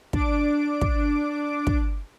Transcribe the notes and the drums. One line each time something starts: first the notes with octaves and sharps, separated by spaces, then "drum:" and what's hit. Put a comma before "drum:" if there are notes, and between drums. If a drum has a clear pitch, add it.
D4 D6 D7, drum: kick
drum: kick
drum: kick